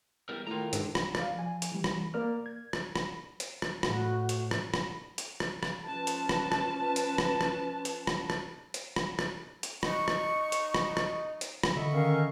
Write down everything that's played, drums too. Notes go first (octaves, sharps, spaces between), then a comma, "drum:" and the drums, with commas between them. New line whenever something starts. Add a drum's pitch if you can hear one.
E2 G3 A#4
A2 D#3 F4 A#5
G#2 D3, drum: hi-hat
drum: rim click
D5 F5, drum: rim click
F3 G#5
drum: hi-hat
E3 G3
drum: rim click
A#3 A#4 D5 F6
G#6
drum: rim click
drum: rim click
drum: hi-hat
drum: rim click
A2 F#4, drum: rim click
drum: hi-hat
drum: rim click
drum: rim click
drum: hi-hat
drum: rim click
drum: rim click
F3 C#4 B4 A5
drum: hi-hat
drum: rim click
drum: rim click
drum: hi-hat
drum: rim click
drum: rim click
drum: hi-hat
drum: rim click
drum: rim click
drum: hi-hat
drum: rim click
drum: rim click
drum: hi-hat
D#4 C#6, drum: rim click
drum: rim click
drum: hi-hat
drum: rim click
drum: rim click
drum: hi-hat
drum: rim click
D3 D#5 E5 C#6
D#3 C#4 F5